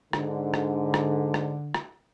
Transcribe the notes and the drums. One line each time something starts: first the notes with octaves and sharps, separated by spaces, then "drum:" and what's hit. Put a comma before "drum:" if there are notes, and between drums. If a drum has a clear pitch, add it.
G#2 D3, drum: rim click
drum: rim click
drum: rim click
drum: rim click
drum: rim click